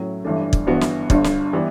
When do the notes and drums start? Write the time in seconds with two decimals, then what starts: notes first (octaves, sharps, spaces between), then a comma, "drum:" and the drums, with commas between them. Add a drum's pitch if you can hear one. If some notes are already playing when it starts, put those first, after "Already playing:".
Already playing: A2 F#3 C#4 E4
0.25 G1 G2 E3 A3 D4
0.53 drum: kick
0.67 G1 G2 E3 B3 F#4
0.81 drum: snare
1.10 G1 G2 D3, drum: kick
1.24 drum: snare
1.53 E3 G3 B3